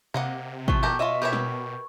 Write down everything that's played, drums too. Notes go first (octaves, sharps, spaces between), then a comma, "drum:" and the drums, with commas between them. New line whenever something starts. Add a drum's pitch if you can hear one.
C3 A#3 D#5 F#5
E3 F3 C#6, drum: kick
B2 G4 A4 A#4
F4 C#5 D#5 E5
G4 A#4 B4 C#5 E5
drum: snare